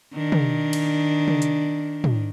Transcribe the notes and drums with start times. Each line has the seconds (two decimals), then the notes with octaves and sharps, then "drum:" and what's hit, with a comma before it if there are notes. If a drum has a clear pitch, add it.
0.15 D#3 D4
0.32 drum: tom
0.73 drum: cymbal
1.28 drum: tom
1.42 drum: hi-hat
2.04 drum: tom